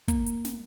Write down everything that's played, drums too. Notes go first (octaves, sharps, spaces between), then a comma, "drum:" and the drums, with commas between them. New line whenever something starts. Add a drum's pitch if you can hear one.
A#3, drum: kick, hi-hat
drum: hi-hat
drum: snare